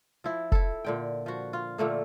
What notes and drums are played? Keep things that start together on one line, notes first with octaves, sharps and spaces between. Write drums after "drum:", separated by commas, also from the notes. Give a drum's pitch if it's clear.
F3 E4
E4 A4, drum: kick F1
A#2 D3 G5
F3 F#4
F4
A#2 D3 A3 A#3